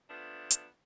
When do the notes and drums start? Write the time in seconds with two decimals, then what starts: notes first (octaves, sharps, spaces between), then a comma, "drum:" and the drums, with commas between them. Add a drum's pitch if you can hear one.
0.09 F3 A3 B3 D4
0.51 drum: hi-hat